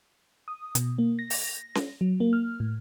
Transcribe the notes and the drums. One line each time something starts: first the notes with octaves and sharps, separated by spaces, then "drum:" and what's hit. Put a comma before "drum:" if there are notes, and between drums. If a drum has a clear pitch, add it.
D#6
B2, drum: hi-hat
A#3
A#6
drum: open hi-hat
drum: snare C#4
F#3
A#3
F6
A2